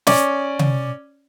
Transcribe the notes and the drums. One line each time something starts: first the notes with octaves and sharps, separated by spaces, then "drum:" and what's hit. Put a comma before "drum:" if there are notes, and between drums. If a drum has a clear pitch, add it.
C#4 D5, drum: snare
drum: tom C3